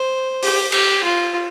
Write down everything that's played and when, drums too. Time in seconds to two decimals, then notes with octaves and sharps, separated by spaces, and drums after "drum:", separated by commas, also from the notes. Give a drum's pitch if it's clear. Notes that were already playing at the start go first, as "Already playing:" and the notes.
Already playing: C5
0.42 G4, drum: open hi-hat
0.72 G4, drum: cymbal
1.03 F4